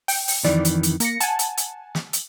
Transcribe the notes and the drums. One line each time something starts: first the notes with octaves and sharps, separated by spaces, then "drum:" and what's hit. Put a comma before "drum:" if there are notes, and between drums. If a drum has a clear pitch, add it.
G5, drum: open hi-hat
drum: open hi-hat
F2 D#3 E3 D5, drum: snare
drum: hi-hat
drum: hi-hat
A#3 A#6 C#7, drum: hi-hat
F#5 G#5 A5, drum: hi-hat
drum: hi-hat
drum: hi-hat
drum: snare
drum: hi-hat